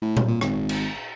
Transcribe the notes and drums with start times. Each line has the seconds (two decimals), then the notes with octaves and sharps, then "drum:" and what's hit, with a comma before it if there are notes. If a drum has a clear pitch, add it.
0.02 A2
0.17 drum: tom A#2
0.28 A#2
0.41 G#1, drum: rim click
0.69 drum: cymbal